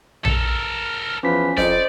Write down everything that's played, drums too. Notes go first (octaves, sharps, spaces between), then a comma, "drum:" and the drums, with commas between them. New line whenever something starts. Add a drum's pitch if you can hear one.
A4 A#4, drum: tom A#1
E2 F3 C#4 B4 B6
F2 C5 D5 D#5 D7, drum: snare